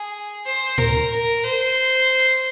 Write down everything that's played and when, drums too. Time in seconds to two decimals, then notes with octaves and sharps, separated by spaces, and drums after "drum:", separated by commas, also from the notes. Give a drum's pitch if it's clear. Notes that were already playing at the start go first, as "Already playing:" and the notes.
Already playing: G#4
0.46 C5
0.78 A#4, drum: tom A2
1.11 A#4
1.44 C5
2.19 drum: open hi-hat